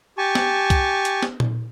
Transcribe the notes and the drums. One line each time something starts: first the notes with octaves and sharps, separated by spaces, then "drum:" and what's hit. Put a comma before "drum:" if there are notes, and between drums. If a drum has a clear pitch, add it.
G4 G#5 A5 C#6
drum: snare
drum: kick C2, hi-hat
drum: hi-hat
drum: snare
drum: tom A#2